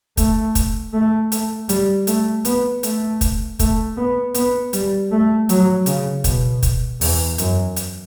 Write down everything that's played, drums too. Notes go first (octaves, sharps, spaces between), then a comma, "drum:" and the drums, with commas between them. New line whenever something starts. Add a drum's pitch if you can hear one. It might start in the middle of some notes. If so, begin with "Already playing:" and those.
A3, drum: kick, hi-hat
drum: kick, hi-hat
A3
A3, drum: hi-hat
G3, drum: hi-hat
A3, drum: hi-hat
B3, drum: hi-hat
A3, drum: hi-hat
drum: kick, hi-hat
A3, drum: kick, hi-hat
B3
B3, drum: hi-hat
G3, drum: hi-hat
A3
F#3, drum: hi-hat
C#3, drum: hi-hat
B2, drum: kick, hi-hat
drum: kick, hi-hat
E2, drum: open hi-hat
F#2, drum: hi-hat
drum: hi-hat